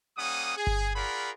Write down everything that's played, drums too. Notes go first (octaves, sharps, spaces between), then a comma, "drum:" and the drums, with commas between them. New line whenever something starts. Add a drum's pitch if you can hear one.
G3 A#3 C#4 F#5 D#6
G#4
drum: kick G1
F4 G#4 A#4 D5 F#5 B5